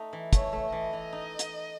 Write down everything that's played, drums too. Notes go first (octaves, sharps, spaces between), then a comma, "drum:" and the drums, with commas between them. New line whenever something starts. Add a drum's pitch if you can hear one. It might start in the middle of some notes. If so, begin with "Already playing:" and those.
Already playing: A3 D#4
E3
A3 C#5, drum: kick, hi-hat
A3
E3 D#5
E3
D#4
drum: hi-hat